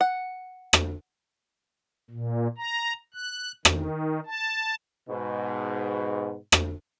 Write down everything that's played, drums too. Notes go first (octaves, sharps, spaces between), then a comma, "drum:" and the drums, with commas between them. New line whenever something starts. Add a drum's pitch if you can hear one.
F#5
drum: rim click
A#2
A#5
F#6
D#3, drum: rim click
A5
G#2 B2
drum: rim click